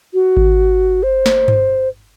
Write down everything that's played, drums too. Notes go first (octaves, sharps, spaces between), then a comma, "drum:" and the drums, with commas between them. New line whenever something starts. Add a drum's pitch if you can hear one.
F#4
drum: kick G#1
C5
drum: snare
drum: tom G2